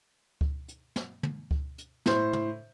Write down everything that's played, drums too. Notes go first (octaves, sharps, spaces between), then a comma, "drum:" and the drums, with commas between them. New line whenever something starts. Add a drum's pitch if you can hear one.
drum: kick C#2
drum: hi-hat
drum: snare
drum: tom
drum: kick C#2
drum: hi-hat
A2 C5, drum: snare
drum: tom